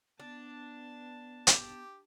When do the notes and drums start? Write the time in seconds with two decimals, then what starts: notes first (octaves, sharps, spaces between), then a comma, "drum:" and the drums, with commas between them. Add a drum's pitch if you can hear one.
0.20 B3 D4 A5
1.47 G4, drum: hi-hat